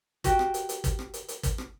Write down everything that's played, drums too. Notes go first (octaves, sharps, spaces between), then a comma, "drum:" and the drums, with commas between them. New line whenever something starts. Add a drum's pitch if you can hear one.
F#4 G4, drum: kick, hi-hat
drum: rim click
drum: hi-hat
drum: hi-hat
drum: kick, hi-hat
drum: rim click
drum: hi-hat
drum: hi-hat
drum: kick, hi-hat
drum: rim click